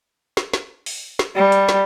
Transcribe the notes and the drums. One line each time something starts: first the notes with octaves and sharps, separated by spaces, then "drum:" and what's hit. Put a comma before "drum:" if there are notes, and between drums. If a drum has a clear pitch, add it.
drum: snare
drum: snare
drum: open hi-hat
drum: snare
G3
drum: hi-hat
drum: snare